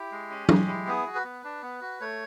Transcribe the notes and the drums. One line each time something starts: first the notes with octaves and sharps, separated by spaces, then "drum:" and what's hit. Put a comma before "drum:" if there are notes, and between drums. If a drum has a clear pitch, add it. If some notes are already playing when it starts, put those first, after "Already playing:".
Already playing: E4 G4
G#3
C#4
G#3, drum: tom
E4
B3 G#4
F#4
B4
B3
D4
B3
F#4
A3 C#5